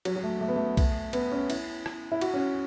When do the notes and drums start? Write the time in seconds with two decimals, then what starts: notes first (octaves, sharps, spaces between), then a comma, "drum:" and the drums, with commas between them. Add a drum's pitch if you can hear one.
0.05 F#3, drum: cymbal
0.16 F#3
0.23 A3
0.41 A3
0.48 B3
0.56 A3
0.77 drum: kick, cymbal
1.13 B3, drum: cymbal
1.32 C#4
1.50 E4, drum: cymbal
1.86 drum: rim click
2.12 E4
2.21 F#4, drum: cymbal
2.34 C#4